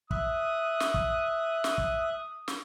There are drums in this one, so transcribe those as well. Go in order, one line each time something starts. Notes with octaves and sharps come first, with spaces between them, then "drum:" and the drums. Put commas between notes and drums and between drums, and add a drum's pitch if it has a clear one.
E5 D#6 F#6, drum: kick
drum: snare
drum: kick
drum: snare
drum: kick
drum: snare